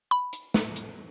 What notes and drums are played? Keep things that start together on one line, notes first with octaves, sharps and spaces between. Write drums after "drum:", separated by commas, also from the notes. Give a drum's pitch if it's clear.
B5
drum: hi-hat
drum: snare
drum: hi-hat